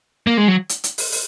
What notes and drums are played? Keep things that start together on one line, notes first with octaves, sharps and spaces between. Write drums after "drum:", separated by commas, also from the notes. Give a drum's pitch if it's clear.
A#3
G#3
F#3
drum: hi-hat
drum: hi-hat
drum: open hi-hat
drum: open hi-hat